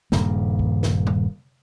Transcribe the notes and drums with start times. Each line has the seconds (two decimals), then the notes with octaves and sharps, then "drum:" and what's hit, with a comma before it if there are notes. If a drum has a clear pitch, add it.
0.12 D#1 G2 C#3 A#3, drum: snare
0.59 drum: kick
0.83 drum: snare
1.07 drum: tom